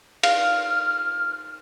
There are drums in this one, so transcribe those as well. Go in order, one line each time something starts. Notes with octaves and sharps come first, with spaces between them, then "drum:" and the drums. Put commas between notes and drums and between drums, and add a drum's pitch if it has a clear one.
F5 F6, drum: cymbal